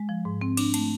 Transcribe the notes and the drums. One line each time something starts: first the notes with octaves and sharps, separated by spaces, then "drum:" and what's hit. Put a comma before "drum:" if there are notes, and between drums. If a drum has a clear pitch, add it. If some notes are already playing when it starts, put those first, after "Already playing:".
Already playing: G#3
F3
G#2
C4
D4, drum: cymbal
A3, drum: cymbal